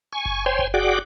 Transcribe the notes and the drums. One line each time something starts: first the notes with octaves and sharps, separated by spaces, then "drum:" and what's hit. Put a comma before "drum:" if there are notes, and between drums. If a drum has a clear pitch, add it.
G#5 C#6
drum: kick F#1
C5 C#5 G5 G#5 C6
drum: kick F#1
F#4 G#4 D5 F#5 G5 D6